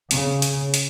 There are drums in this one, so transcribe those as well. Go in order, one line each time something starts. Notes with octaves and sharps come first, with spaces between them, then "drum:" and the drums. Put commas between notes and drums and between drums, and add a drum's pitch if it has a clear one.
C#3, drum: hi-hat
drum: hi-hat
drum: hi-hat